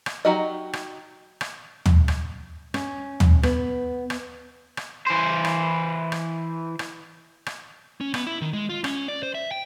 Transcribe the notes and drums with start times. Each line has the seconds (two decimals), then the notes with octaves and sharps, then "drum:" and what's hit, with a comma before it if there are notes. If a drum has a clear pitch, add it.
0.06 drum: rim click
0.25 F#3 D#4 F#4 G4 D#5
0.73 drum: rim click
1.41 drum: rim click
1.86 drum: tom
2.08 drum: rim click
2.74 C#4, drum: rim click
3.20 drum: tom
3.43 B3, drum: rim click
4.10 drum: rim click
4.77 drum: rim click
5.07 E3 C5
5.45 drum: rim click
6.12 drum: rim click
6.79 drum: rim click
7.46 drum: rim click
8.01 C#4
8.14 B3, drum: rim click
8.26 E4
8.41 D#3
8.53 G#3
8.69 F4
8.84 C#4, drum: rim click
9.08 D5
9.23 C5
9.35 E5
9.52 G5